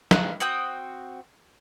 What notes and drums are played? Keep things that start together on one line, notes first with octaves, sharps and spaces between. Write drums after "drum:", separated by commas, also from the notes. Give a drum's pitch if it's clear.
F5 F#6, drum: snare
C4 F#4 G5 D#6